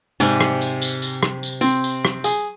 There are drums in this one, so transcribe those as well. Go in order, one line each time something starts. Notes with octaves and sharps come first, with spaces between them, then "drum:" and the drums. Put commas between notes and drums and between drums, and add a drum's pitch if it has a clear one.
G#2 C3 D5, drum: tambourine
drum: rim click
drum: tambourine
drum: tambourine
drum: tambourine
drum: rim click
drum: tambourine
C4, drum: tambourine
drum: tambourine
drum: rim click
G#4, drum: tambourine